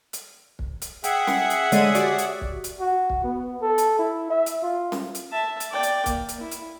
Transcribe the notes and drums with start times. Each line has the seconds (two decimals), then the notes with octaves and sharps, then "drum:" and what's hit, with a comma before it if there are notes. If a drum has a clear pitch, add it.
0.13 drum: hi-hat
0.59 drum: kick
0.82 drum: hi-hat
1.04 G#4 E5 F#5 G5, drum: hi-hat
1.27 drum: snare C#4
1.50 drum: hi-hat
1.72 D3 G#3 C#5 D5 D#7, drum: hi-hat
1.95 F#4 G4 D5, drum: hi-hat
2.18 drum: hi-hat
2.41 drum: kick
2.64 drum: hi-hat
2.80 F#4
3.10 drum: kick
3.24 B3
3.62 A4
3.78 drum: hi-hat
3.99 E4
4.30 E5
4.46 drum: hi-hat
4.63 F4
4.92 drum: snare C#4
5.15 drum: hi-hat
5.32 E5 A5
5.60 drum: hi-hat
5.71 D5 G5
5.83 drum: hi-hat
6.06 A#3, drum: kick, hi-hat
6.29 drum: hi-hat
6.40 E4
6.51 drum: hi-hat